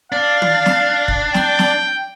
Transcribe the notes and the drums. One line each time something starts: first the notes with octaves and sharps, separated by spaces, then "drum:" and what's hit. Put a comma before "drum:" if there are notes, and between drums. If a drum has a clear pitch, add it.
D4 F5
drum: tom
drum: snare
drum: kick
G5, drum: snare
drum: snare